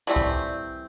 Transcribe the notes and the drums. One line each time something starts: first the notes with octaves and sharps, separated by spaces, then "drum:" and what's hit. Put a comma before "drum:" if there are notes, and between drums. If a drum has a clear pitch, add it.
E3 G3 A3 C4
drum: kick C2